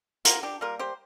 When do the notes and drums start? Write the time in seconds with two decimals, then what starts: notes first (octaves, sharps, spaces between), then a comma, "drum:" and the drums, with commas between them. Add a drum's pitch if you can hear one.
0.25 D3 F4 A#4, drum: hi-hat
0.43 D4 G4
0.61 G3 A#3 F4 A#4
0.79 G4 C5